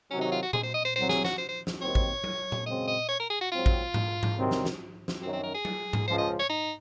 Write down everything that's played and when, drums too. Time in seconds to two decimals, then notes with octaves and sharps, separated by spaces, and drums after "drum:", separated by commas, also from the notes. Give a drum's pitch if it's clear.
0.11 C3 D#3 F#3 C#4
0.21 D#4
0.32 F4
0.43 F#4
0.53 G#4, drum: tom A#2
0.63 C5
0.74 D#5
0.85 C5
0.96 C2 C3 F#3 C4 C5
1.09 G#4, drum: snare
1.24 F#4, drum: snare
1.38 C5
1.49 C5
1.67 drum: snare
1.81 D#2 D#3 F#3 C4 C#5
1.95 drum: kick A1
2.24 drum: tom F#3
2.52 drum: tom A#2
2.66 F#2 C#3 G#3 C4 D#5
2.88 D#5
3.09 C#5
3.20 A#4
3.30 G#4
3.41 F#4
3.52 G#2 F#3 C4 F4
3.66 drum: kick A1
3.94 drum: tom G#2
4.23 drum: tom G#2
4.37 C2 C3 D#3 F#3 C4
4.51 drum: snare
4.65 drum: snare
5.08 drum: snare
5.22 F#2 D#3 F#3 C4
5.33 C4
5.43 A#4
5.55 G#4
5.65 drum: tom F#3
5.93 drum: tom G#2
6.08 C#2 C#3 F3 C5
6.18 D#5
6.40 C#5
6.50 D#4